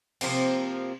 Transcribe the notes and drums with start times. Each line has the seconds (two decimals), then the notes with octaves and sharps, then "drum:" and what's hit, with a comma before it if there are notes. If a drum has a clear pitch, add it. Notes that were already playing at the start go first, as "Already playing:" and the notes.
0.21 C3 F3 A#3 C4, drum: cymbal